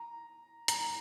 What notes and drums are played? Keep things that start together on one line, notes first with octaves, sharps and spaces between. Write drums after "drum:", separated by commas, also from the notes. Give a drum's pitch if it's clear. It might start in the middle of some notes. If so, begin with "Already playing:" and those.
Already playing: A#5
A#5, drum: hi-hat